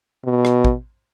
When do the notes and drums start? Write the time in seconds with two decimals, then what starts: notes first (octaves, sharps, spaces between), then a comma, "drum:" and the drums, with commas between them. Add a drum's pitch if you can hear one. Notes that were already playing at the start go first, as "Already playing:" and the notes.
0.25 B2
0.45 drum: rim click
0.65 drum: kick